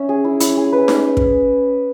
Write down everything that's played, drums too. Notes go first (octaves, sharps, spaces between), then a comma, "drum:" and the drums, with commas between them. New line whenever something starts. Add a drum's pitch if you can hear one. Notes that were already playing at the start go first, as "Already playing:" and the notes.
Already playing: C#4 E5
G#4
E4
E4, drum: hi-hat
G#4
B4
drum: snare D#4
drum: kick